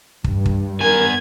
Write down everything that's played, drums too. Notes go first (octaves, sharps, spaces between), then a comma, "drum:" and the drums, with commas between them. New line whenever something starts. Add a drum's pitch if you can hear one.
G2, drum: kick
drum: kick
B3 A#4 G#5 G#6